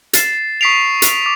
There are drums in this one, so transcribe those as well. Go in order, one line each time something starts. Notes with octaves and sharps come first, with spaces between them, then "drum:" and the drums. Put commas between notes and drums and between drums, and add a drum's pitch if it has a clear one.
A6 C7 E7, drum: hi-hat
C#6 D#6 B6 C7 D7 F7
drum: hi-hat
D6 A6